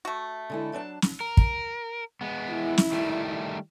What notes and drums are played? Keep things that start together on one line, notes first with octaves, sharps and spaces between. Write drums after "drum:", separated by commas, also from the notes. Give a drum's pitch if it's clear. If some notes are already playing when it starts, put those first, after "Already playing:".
A3 F#4
D3 G#3 E4
F#3 D4 A5
drum: snare
A#4
drum: kick
G#3 B3
E4
drum: snare
D#3 G3 A3